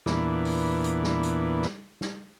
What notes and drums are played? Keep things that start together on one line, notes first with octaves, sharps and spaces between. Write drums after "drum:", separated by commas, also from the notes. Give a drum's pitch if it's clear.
E2 A#2 E3 B3 D4, drum: snare
drum: open hi-hat
drum: hi-hat
drum: snare
drum: hi-hat
drum: snare
drum: snare